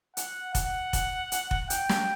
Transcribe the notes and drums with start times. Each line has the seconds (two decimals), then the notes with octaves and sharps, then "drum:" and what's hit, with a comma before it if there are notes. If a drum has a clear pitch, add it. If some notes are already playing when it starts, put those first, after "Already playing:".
0.17 F#5, drum: hi-hat
0.55 F#5, drum: kick F1, hi-hat
0.93 drum: kick F1, hi-hat
1.32 drum: hi-hat
1.51 drum: kick F1
1.70 G5, drum: hi-hat
1.89 drum: snare